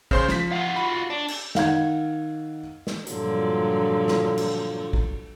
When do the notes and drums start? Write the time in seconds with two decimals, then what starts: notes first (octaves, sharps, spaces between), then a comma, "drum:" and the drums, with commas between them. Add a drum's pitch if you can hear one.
0.11 C#3 C5 C6, drum: kick
0.28 F3 B6, drum: snare
0.52 F4 F#4
0.76 B5
1.10 D4
1.28 drum: cymbal
1.55 D#3 F5 F#5 G#6, drum: snare
2.87 drum: snare
3.07 G2 A#2 D3 F3 F#3, drum: hi-hat
4.08 drum: snare
4.38 drum: cymbal
4.93 drum: kick